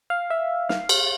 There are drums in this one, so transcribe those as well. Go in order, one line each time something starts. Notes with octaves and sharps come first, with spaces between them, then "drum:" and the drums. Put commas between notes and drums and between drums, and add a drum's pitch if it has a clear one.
F5
E5
F5, drum: snare
drum: cymbal